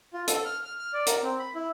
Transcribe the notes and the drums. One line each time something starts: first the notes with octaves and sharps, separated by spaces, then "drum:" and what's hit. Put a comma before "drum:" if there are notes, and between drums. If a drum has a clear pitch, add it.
F4
A4, drum: hi-hat
F6
F6
F6
D5
A#4, drum: hi-hat
C4
B5
E4